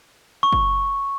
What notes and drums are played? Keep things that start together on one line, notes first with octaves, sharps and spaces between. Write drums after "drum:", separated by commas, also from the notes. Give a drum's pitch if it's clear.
C#6
drum: kick